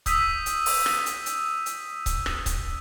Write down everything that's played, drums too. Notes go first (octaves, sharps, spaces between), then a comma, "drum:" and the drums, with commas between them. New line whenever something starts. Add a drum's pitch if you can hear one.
D#6 E6 G6 B6 D#7 F7, drum: kick C#1, hi-hat
drum: hi-hat
drum: open hi-hat
drum: rim click
drum: hi-hat
drum: hi-hat
drum: hi-hat
drum: kick C#1, hi-hat
drum: rim click
drum: kick C#1, hi-hat